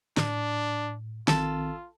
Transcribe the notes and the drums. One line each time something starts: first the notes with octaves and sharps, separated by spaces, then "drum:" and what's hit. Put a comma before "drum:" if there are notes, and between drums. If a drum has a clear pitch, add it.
A2 D4, drum: snare
A#1 D#3 C4 F4 A4, drum: snare